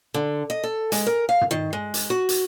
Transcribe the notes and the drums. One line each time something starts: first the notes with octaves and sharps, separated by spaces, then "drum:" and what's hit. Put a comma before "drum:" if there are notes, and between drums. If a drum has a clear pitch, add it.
D3
D#5
A4
G#3, drum: hi-hat
A#4
F5
drum: tom
D#3
G#3
drum: hi-hat
F#4
drum: hi-hat